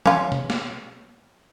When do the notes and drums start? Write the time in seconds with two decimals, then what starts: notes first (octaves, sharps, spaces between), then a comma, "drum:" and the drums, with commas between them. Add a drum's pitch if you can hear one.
0.06 C#4 F4, drum: tom E3
0.32 drum: tom B2
0.50 drum: snare